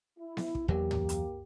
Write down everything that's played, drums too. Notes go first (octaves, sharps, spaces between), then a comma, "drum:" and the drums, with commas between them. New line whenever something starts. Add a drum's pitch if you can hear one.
E4
drum: snare B3
drum: kick
E2 E3 F#3 A#3 G4
drum: tom
drum: hi-hat